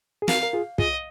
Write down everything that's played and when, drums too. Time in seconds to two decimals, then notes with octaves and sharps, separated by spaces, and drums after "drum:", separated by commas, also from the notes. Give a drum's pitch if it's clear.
0.22 G#4
0.28 F#4 A#4 F5, drum: snare
0.43 A#4
0.53 F4 G#4
0.78 F4 G#4 D#5, drum: kick